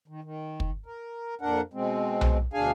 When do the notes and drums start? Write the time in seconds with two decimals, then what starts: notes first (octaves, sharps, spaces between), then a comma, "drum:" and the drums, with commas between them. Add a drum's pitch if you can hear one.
0.08 D#3
0.24 D#3
0.60 drum: kick
0.86 A#4
1.41 F2 A#2 D4 A#4 F#5
1.73 B2 G#3 C4
2.21 drum: tom B1
2.53 D2 B2 D4 G#4 F5 G#5